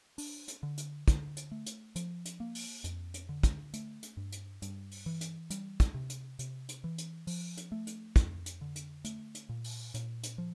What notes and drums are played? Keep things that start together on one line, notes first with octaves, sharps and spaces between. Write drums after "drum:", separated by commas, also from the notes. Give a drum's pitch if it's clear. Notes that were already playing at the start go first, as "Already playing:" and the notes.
D4, drum: open hi-hat
drum: hi-hat
D3
drum: hi-hat
D3, drum: kick, hi-hat
drum: hi-hat
A3
drum: hi-hat
F3, drum: hi-hat
drum: hi-hat
A#3
drum: open hi-hat
F2, drum: hi-hat
drum: hi-hat
D3
drum: kick, hi-hat
A3, drum: hi-hat
drum: hi-hat
G2
drum: hi-hat
G2, drum: hi-hat
drum: open hi-hat
E3
drum: hi-hat
G3, drum: hi-hat
drum: kick, hi-hat
C3
drum: hi-hat
C3, drum: hi-hat
drum: hi-hat
E3
drum: hi-hat
F3, drum: open hi-hat
drum: hi-hat
A3
drum: hi-hat
F2, drum: kick, hi-hat
drum: hi-hat
D3
drum: hi-hat
A3, drum: hi-hat
drum: hi-hat
A#2
drum: open hi-hat
A#2, drum: hi-hat
drum: hi-hat
F3